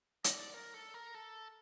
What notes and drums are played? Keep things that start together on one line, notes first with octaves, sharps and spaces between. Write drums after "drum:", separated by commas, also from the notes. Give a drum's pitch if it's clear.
D#5, drum: hi-hat
D5
A#4
A4
A#4
A4